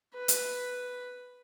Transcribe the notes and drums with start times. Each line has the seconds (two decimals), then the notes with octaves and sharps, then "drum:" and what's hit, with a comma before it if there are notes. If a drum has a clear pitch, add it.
0.14 B4
0.28 drum: hi-hat